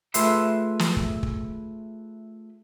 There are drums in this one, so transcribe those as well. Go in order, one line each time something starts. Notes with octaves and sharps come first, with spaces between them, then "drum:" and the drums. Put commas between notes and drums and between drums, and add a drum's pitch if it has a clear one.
A3 F4 G#4 B4 E5 C6, drum: hi-hat
drum: snare
drum: kick
drum: kick